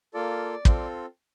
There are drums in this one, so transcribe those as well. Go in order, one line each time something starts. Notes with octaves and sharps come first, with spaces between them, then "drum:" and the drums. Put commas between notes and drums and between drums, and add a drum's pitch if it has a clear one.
A#3 F4 A4 D5
C4 F4 A4, drum: kick